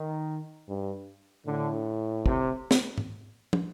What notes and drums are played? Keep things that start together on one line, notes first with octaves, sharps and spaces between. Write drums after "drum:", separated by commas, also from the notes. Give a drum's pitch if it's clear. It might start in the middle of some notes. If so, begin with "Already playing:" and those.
Already playing: D#3
G2
A2 D3
C3, drum: kick
drum: snare
drum: tom G#2
drum: tom